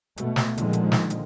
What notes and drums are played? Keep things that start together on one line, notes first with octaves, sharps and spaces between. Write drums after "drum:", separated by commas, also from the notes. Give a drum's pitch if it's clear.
B2 A3, drum: hi-hat
drum: snare
A#2 D3 D#3 F3 G#3, drum: hi-hat
drum: hi-hat
drum: snare
drum: hi-hat